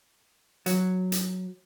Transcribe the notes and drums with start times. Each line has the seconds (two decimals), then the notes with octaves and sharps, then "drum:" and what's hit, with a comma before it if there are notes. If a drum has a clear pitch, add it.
0.66 F#3, drum: hi-hat
1.12 drum: hi-hat